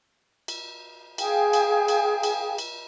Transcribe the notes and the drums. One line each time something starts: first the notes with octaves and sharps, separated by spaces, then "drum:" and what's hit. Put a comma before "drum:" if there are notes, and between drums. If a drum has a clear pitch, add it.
drum: cymbal
G#4 F5 G5 G#5, drum: cymbal
drum: cymbal
drum: cymbal
drum: cymbal
drum: cymbal